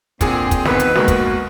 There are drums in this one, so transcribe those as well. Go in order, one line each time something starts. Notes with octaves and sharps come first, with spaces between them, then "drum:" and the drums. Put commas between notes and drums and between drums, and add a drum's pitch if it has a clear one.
A#2 D3 C4 G#4, drum: kick, hi-hat
drum: kick, hi-hat
D#3 B3 B4, drum: snare
drum: hi-hat
B2 G#3 A#3 F#4, drum: snare
drum: kick, hi-hat